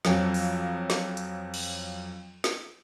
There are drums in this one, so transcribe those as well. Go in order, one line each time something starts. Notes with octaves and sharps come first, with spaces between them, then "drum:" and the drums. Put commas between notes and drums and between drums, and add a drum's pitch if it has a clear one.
F2 F3 F#3, drum: snare
drum: open hi-hat
drum: snare
drum: hi-hat
drum: cymbal
drum: snare